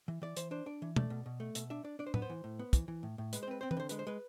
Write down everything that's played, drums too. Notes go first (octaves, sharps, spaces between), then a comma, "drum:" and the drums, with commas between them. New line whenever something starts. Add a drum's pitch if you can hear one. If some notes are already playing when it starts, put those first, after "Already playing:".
E3
E3 D5
E3 C5, drum: hi-hat
D4 C5
D4 D5
E3
A3 D5, drum: tom
B2
B2
A3
B2 E5, drum: hi-hat
D4 E5
D4 D5
D4 D5
C5
B3 B4, drum: tom A2
C5
E3
A2
B3
E3, drum: kick, hi-hat
E3
A2
A2
G#3 B4, drum: hi-hat
C5
C4 B4
C4 C5
B4, drum: tom
D3 C5
G#3 B4, drum: hi-hat
C5
G#3 B4